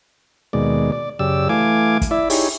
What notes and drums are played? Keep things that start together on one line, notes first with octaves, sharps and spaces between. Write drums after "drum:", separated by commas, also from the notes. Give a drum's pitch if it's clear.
D#2 B2 G#3 D5
D5
F#2 C#3 G4 D5 E6
E3 A3 F5 G#5 D6
drum: kick, hi-hat
E4 D5 E5
D#4 E4 G4 G#4 C#5, drum: open hi-hat